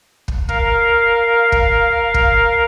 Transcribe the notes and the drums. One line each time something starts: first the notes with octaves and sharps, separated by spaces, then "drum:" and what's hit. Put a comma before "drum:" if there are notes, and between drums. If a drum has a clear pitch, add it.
drum: kick
A#4 F5, drum: kick
drum: kick
drum: kick